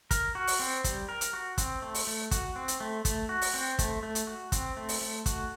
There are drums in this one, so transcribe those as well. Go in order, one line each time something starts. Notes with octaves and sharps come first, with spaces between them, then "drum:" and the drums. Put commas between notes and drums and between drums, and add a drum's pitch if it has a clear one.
A#4, drum: kick, hi-hat
F#4
drum: open hi-hat
C4
G3, drum: kick, hi-hat
A#4
drum: hi-hat
F#4
C4, drum: kick, hi-hat
A3
drum: open hi-hat
A3
F#4, drum: kick, hi-hat
C4
drum: hi-hat
A3
A3, drum: kick, hi-hat
F#4
drum: open hi-hat
C4
A3, drum: kick, hi-hat
A3
drum: hi-hat
F#4
C4, drum: kick, hi-hat
A3
drum: open hi-hat
A3
F#4, drum: kick, hi-hat